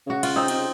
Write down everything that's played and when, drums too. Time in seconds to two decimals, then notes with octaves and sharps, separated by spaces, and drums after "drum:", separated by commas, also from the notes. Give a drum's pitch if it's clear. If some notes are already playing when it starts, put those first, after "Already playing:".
0.07 C#3 F#4
0.23 F4, drum: cymbal
0.36 C4 D#4
0.48 C3, drum: cymbal
0.57 C#3